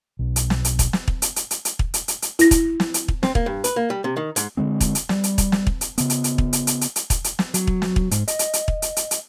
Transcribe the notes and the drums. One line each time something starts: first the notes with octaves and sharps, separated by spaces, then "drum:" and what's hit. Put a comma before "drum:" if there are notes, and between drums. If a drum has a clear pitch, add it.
B1
drum: hi-hat
drum: snare
drum: hi-hat
drum: kick, hi-hat
drum: snare
drum: kick
drum: hi-hat
drum: hi-hat
drum: hi-hat
drum: hi-hat
drum: kick
drum: hi-hat
drum: hi-hat
drum: hi-hat
E4 A#6, drum: hi-hat
drum: kick, hi-hat
drum: snare
drum: hi-hat
drum: kick
C4, drum: snare
A#3, drum: kick
G2
B4, drum: hi-hat
A#3
G3
C3
D#3
G#2, drum: hi-hat
D3 F3 G#3 C4
drum: kick, hi-hat
drum: hi-hat
G3, drum: snare
drum: hi-hat
drum: kick, hi-hat
drum: snare
drum: kick
drum: hi-hat
C#3 B3, drum: hi-hat
drum: hi-hat
drum: hi-hat
drum: kick
drum: hi-hat
drum: hi-hat
drum: hi-hat
drum: hi-hat
drum: kick, hi-hat
drum: hi-hat
drum: snare
F#3, drum: hi-hat
drum: kick
drum: snare
drum: kick
G#2, drum: hi-hat
D#5, drum: hi-hat
drum: hi-hat
drum: hi-hat
drum: kick
drum: hi-hat
drum: hi-hat
drum: hi-hat